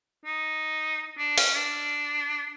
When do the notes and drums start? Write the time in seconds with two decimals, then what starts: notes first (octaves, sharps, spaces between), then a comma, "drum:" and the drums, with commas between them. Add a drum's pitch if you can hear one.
0.25 D#4
1.18 D4
1.38 C#4, drum: open hi-hat
1.55 D4